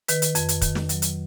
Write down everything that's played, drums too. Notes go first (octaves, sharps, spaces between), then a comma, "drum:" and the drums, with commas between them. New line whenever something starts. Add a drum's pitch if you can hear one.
D#3 B4, drum: hi-hat
drum: hi-hat
F2, drum: hi-hat
drum: hi-hat
D#3, drum: kick, hi-hat
drum: snare
F#3, drum: hi-hat
drum: hi-hat